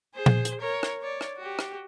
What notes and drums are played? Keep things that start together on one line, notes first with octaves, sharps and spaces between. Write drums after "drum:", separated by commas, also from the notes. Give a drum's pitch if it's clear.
G#4 C5
drum: tom A#2
drum: hi-hat
A#4 C#5
drum: rim click
C#5 D5
drum: rim click
F#4 G4
drum: rim click